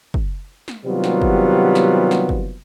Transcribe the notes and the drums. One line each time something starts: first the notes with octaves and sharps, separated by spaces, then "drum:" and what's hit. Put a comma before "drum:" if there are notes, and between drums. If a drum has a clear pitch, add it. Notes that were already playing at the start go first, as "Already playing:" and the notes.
drum: kick
drum: snare
C3 D#3 F#3 G3 B3 F4
drum: snare
drum: kick
drum: snare
drum: snare
drum: kick